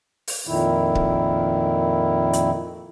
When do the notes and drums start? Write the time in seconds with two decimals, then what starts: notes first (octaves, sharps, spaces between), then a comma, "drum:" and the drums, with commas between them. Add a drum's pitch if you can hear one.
0.27 drum: open hi-hat
0.47 F2 A#2 D#3 E4
0.95 drum: kick C#1
2.33 drum: hi-hat